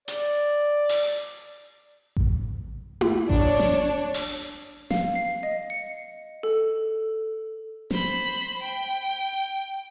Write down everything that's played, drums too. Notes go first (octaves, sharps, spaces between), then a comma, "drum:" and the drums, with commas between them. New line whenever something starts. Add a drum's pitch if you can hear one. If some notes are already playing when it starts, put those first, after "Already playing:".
D5, drum: hi-hat
drum: open hi-hat
drum: kick A1
drum: tom E4
D4 C#5, drum: kick A1
drum: snare
drum: open hi-hat
F5, drum: snare
C7
D#5
C#7
A4
C5 B5, drum: snare
G5